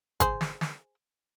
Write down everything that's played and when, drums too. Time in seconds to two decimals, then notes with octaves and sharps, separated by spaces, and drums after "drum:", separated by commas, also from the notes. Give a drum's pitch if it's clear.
0.20 G#4 C5, drum: kick, hi-hat
0.41 drum: snare
0.61 drum: snare